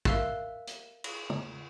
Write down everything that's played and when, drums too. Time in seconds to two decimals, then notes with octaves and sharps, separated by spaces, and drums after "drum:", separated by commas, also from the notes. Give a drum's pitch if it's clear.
0.05 A#4 E5 F5 E6 F#6, drum: kick
0.67 drum: hi-hat
1.04 drum: cymbal
1.30 drum: tom